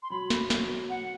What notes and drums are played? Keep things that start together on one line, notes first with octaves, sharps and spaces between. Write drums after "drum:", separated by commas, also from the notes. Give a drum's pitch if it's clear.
C6
F#3 B5
drum: snare
F#3, drum: snare
F#5